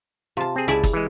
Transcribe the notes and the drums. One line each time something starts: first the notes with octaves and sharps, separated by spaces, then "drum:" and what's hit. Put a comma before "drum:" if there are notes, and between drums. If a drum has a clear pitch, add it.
C3 F4 A5
C4 G#4
C#2 E4 G#4 D5 A5
drum: kick, hi-hat
E3 G#3